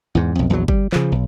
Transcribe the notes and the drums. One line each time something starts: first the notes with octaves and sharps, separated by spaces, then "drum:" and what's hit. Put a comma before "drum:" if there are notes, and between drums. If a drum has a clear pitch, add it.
E2 G#2
B1 F2
A#1 E2 F3 F#3
G3, drum: kick G1
C#3 F3, drum: clap
B1